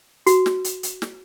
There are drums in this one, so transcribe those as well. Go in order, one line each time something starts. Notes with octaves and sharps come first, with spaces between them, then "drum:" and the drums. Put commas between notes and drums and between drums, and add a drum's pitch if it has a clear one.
F#4, drum: hi-hat
drum: snare
drum: hi-hat
drum: hi-hat
drum: snare